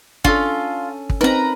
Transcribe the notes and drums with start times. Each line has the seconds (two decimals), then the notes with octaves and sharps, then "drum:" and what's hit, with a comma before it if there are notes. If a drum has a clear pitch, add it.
0.25 C#4 D4 F4 A4, drum: kick
1.10 drum: kick
1.21 C4 D#4 A#4 B4 A#5